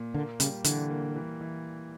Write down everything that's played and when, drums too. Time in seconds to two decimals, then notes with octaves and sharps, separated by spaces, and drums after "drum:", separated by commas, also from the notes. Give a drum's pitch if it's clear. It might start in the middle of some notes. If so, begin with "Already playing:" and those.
Already playing: A#2
0.14 D3 A#3
0.40 C#3 G3, drum: hi-hat
0.64 D3 E3, drum: hi-hat
0.90 A#3
1.16 E3
1.41 E3